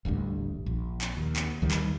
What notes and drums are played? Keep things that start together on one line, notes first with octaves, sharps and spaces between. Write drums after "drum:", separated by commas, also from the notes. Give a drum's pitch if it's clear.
D#1 A1 D2 G2
A#1
drum: clap
D#2
drum: clap
D2 D#3 G3
drum: clap